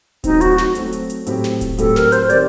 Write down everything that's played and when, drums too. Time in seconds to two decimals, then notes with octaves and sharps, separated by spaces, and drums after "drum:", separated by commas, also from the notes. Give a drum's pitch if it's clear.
0.24 F#3 A3 C4 D#4, drum: kick D#1, hi-hat
0.41 F#4, drum: hi-hat
0.58 drum: snare
0.75 F#3 A3 C4, drum: hi-hat
0.92 drum: hi-hat
1.10 drum: hi-hat
1.27 A2 F#3 C4 G4, drum: hi-hat
1.44 drum: snare
1.61 drum: kick D#1, hi-hat
1.78 A2 F#3 C4 G4 A4, drum: hi-hat
1.96 A#4, drum: snare
2.12 C5, drum: hi-hat
2.30 D#3 G3 C4 D5, drum: hi-hat